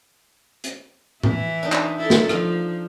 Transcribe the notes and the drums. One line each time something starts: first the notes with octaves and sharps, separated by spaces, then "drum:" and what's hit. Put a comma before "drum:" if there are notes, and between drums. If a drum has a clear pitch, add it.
drum: hi-hat
E3 E4, drum: tom A2
D4 D#4
drum: clap
E4 A4
drum: snare
F3 F5, drum: rim click